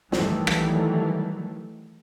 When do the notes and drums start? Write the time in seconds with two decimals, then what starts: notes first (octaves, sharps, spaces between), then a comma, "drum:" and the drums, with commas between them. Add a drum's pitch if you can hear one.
0.12 D#3 E3 F#3 G3 A3, drum: snare
0.47 drum: rim click